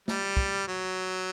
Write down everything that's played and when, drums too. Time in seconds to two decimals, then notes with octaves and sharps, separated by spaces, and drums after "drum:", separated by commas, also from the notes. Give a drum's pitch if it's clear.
0.08 G3, drum: snare
0.37 drum: kick
0.68 F#3